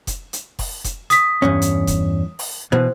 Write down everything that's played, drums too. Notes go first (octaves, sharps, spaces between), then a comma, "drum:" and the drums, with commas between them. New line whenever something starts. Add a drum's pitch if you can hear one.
drum: kick F1, hi-hat
drum: hi-hat
drum: kick F1, open hi-hat
drum: kick F1, hi-hat
D#6 B6, drum: hi-hat
E2 G2 C#4
drum: hi-hat
drum: kick F1, hi-hat
drum: open hi-hat
B2 E3 C5